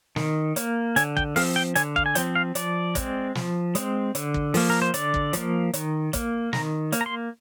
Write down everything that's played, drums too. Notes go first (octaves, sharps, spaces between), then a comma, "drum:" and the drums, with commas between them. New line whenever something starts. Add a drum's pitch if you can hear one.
D#3, drum: snare
A#3, drum: hi-hat
D3 G#5, drum: hi-hat
G5, drum: kick
F3 C4 F5, drum: open hi-hat
G5
D3 G#5, drum: hi-hat
F5, drum: kick
G#5
F3 C4 G5, drum: hi-hat
F5
F3 D5, drum: hi-hat
G#3 C4, drum: kick, hi-hat
F3, drum: snare
G#3 C4, drum: hi-hat
D3, drum: hi-hat
drum: kick
F3 A#3, drum: open hi-hat
A#4
C5
D3 D5, drum: hi-hat
drum: kick
F3 A#3, drum: hi-hat
D#3, drum: hi-hat
A#3, drum: kick, hi-hat
D#3 A#5, drum: snare
A#3, drum: hi-hat
A#5
C6